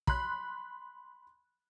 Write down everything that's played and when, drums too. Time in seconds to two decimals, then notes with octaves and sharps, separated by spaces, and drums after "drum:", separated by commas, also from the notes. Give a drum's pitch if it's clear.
0.07 B5 C6 F#6, drum: kick